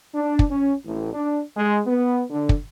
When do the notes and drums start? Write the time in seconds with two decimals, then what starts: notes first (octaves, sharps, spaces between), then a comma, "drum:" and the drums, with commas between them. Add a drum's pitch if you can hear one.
0.15 D4
0.39 drum: kick
0.51 C#4
0.85 A1
1.14 D4
1.57 G#3
1.87 B3
2.30 D3
2.49 drum: kick